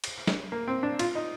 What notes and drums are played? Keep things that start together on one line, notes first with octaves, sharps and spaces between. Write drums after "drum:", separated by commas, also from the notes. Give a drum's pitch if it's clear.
drum: cymbal
drum: snare
A#3
C4
D4
F4, drum: cymbal
D#4